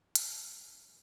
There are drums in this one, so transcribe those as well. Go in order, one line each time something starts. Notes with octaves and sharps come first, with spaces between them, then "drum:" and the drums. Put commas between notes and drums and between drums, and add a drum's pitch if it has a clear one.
G#1 F#3 F#4 A#4 D5 E5 A#5, drum: hi-hat
G#2